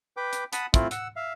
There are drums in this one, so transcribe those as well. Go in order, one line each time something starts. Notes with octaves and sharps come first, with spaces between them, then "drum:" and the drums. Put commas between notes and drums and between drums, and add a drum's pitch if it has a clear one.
B4 G5 D6
drum: hi-hat
F#5 A5 B5 D#6, drum: hi-hat
A3 C4 E4 F4, drum: kick, hi-hat
F#5 E6, drum: hi-hat
E5 F5